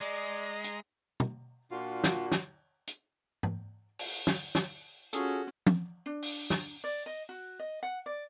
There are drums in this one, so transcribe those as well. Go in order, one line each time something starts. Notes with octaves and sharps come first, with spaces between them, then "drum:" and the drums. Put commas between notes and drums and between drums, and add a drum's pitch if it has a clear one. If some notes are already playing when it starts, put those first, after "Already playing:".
G#3 D5 D#5 A#5
drum: hi-hat
drum: tom
A#2 D4 F4 F#4
drum: snare
drum: snare
drum: hi-hat
drum: tom
drum: open hi-hat
drum: snare
drum: snare
C#4 F4 F#4 G#4 A4, drum: hi-hat
drum: tom
D4
drum: open hi-hat
drum: snare
D5
D#5
F#4
D#5
F#5
D5